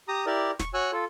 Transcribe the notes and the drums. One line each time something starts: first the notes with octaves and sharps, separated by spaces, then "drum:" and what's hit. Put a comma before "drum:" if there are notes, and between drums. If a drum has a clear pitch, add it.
G4 A#5 D#6
E4 G4 A#4 D5
C#6, drum: snare
F#4 C#5 G#5 E6 F#6
F4 A4